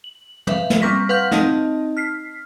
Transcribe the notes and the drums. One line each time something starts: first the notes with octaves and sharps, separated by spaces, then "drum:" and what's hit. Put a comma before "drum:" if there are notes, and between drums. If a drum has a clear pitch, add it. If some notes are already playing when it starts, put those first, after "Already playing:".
F#7
B4 E5 F5, drum: tom
drum: snare
G3 A#3 C4 C#6 A#6 B6
B4 F5 F#5 C6 F6 G6
C4 D#4 D#5 A5, drum: snare
F6 B6 C7